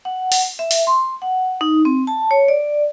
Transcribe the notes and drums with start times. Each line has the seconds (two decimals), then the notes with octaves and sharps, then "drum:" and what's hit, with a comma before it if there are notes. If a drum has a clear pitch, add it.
0.05 F#5
0.32 drum: open hi-hat
0.59 E5
0.71 drum: open hi-hat
0.87 C6
1.22 F#5
1.61 D#4
1.85 C4
2.07 A5
2.31 C#5
2.48 D5